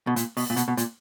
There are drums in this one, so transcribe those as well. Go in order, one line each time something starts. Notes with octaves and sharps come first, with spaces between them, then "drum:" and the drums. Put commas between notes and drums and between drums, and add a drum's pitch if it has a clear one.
B2
A#2, drum: hi-hat
B2, drum: open hi-hat
A#2
B2, drum: hi-hat
B2
A#2, drum: hi-hat